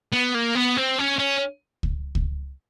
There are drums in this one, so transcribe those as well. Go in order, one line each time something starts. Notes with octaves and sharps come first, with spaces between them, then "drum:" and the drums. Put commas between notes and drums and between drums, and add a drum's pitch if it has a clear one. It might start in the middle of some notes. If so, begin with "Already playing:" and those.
B3
A#3
B3
C4
C#4
C#4
drum: kick C#2
drum: kick C#2